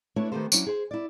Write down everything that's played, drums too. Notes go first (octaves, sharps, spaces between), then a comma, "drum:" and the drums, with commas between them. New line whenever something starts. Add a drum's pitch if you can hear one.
A3 D4 E4 B4 C#5
D#3 A3 B3 G4 A4 C5
F#3 C#4 D4 E4, drum: tambourine
G#4 C5
E4 D5